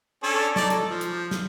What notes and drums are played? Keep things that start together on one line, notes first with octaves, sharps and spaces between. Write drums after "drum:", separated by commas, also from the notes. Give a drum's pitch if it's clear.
C#4 D4 A4
D#4 D5 A5, drum: snare
A4, drum: hi-hat
F3
drum: hi-hat
drum: snare